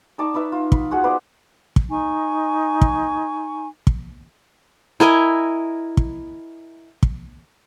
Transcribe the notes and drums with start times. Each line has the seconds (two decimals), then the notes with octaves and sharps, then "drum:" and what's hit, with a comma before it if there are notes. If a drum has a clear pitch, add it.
0.18 D#4 D5 A5 C#6
0.34 D#4 E4 B4 E5
0.52 F4
0.72 B5, drum: kick
0.91 F4 F#4 G#4 F#5
1.04 B3 B4 C5 D5
1.76 drum: kick
1.90 D#4 G#5 C#6
2.81 drum: kick
3.87 drum: kick
5.00 E4 A#4 D#5 G#5
5.97 drum: kick
7.03 drum: kick